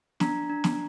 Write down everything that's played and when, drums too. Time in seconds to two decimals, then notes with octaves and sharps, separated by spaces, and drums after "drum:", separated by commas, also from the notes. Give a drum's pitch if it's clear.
0.20 D4 A#5, drum: snare
0.50 D4
0.64 drum: snare